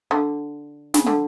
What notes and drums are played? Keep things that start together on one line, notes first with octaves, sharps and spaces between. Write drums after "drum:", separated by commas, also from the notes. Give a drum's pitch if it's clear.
D3
C#3, drum: snare
D3